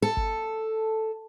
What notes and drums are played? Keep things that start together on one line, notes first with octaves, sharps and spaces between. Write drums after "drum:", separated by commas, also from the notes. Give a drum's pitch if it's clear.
A4
drum: kick G#1